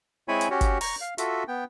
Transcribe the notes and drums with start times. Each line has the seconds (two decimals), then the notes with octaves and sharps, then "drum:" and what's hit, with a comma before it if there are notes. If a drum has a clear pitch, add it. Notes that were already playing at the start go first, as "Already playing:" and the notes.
0.28 G#3 C4 E4 C#5 G#5 B5
0.41 drum: hi-hat
0.51 C#4 F#4 G4 C#5
0.61 drum: kick G1, hi-hat
0.81 A#5 C#6, drum: open hi-hat
1.01 F5
1.18 F4 F#4 A4 E5, drum: hi-hat
1.48 B3 G5